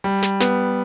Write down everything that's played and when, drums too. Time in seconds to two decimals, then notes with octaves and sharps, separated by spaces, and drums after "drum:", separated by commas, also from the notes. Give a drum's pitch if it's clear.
0.04 G3
0.23 drum: snare
0.40 B3, drum: snare